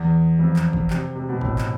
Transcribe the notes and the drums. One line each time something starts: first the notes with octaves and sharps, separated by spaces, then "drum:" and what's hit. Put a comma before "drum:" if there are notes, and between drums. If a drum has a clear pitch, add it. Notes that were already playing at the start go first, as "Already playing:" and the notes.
Already playing: E2
F2
drum: clap
drum: kick
C3, drum: clap
C3
B2
A2, drum: kick
drum: clap